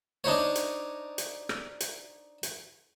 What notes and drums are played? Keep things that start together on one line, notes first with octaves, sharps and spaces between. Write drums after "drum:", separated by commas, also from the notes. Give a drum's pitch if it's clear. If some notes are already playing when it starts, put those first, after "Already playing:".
D4 D#4 C5 C#5
drum: hi-hat
drum: hi-hat
drum: rim click
drum: hi-hat
drum: hi-hat